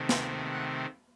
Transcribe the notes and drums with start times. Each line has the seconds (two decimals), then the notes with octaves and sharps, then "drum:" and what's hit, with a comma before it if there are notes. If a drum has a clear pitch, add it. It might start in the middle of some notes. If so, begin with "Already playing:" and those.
Already playing: C3 D#3 A3 C4
0.09 G5, drum: snare
0.51 F#5